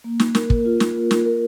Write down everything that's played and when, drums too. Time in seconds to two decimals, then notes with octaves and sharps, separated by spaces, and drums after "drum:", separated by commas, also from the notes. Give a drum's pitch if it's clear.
0.04 A#3
0.20 drum: snare
0.35 A#4, drum: snare
0.50 drum: kick
0.65 F4
0.80 drum: snare
0.95 A#3
1.11 drum: snare
1.25 A#4